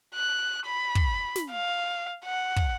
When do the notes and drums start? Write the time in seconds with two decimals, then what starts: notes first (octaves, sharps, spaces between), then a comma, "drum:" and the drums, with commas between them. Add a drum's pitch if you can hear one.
0.15 F#6
0.66 B5
0.95 drum: kick
1.36 drum: snare
1.51 F5
2.25 F#5
2.56 drum: kick